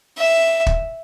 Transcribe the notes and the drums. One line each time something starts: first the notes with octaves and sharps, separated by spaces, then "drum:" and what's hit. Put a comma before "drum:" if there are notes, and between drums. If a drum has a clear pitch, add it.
E5
drum: kick